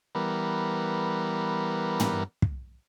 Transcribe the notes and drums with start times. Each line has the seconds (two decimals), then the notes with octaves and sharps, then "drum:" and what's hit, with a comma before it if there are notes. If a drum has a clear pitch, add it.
0.15 E3 G3 B3 A#4
2.00 drum: tom
2.42 drum: kick